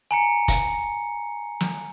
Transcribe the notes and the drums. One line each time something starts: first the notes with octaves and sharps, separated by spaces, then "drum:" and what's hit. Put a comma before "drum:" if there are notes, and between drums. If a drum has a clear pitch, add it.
G#5 A#5 C#7
drum: kick F1, hi-hat
drum: snare